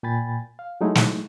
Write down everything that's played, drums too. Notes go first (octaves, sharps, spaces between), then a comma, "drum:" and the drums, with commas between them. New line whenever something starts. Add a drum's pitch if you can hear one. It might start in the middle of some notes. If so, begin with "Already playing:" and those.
A#2 G5 G#5 B5 A6
F5
F#3 G#3 A3 D#4 E4
drum: snare